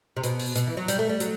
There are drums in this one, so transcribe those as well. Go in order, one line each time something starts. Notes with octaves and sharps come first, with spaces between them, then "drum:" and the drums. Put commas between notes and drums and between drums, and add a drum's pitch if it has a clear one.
C3
B2, drum: hi-hat
drum: open hi-hat
B2, drum: hi-hat
E3
F#3
G3, drum: hi-hat
A3
G3
F#3, drum: hi-hat